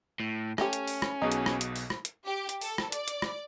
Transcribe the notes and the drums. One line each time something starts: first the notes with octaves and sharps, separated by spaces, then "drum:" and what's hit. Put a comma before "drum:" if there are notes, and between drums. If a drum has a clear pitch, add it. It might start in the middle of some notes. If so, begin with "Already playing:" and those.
A2
A3 C#4 G4, drum: rim click
drum: hi-hat
drum: open hi-hat
drum: rim click
B1 B2 D#4 G#4
drum: hi-hat
drum: rim click
drum: hi-hat
drum: open hi-hat
drum: rim click
drum: hi-hat
G4
drum: hi-hat
A4, drum: open hi-hat
drum: rim click
D5, drum: hi-hat
drum: hi-hat
drum: rim click